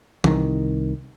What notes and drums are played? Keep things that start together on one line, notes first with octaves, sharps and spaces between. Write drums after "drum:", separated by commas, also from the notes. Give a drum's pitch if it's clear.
C2 D#3, drum: tom E3